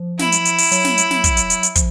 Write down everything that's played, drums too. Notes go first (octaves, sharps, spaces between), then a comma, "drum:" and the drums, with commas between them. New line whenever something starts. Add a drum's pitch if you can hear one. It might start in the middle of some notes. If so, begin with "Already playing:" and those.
Already playing: F3
E4, drum: snare
drum: hi-hat
drum: hi-hat
drum: open hi-hat
F#3, drum: hi-hat
drum: snare
drum: hi-hat
drum: snare
drum: kick, hi-hat
drum: hi-hat
drum: hi-hat
drum: hi-hat
F3, drum: kick, hi-hat